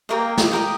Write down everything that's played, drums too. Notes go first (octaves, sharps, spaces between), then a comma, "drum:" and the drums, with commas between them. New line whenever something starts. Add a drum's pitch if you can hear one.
A#3 G4 A#4 D#5
drum: snare
G4 A#4 D#5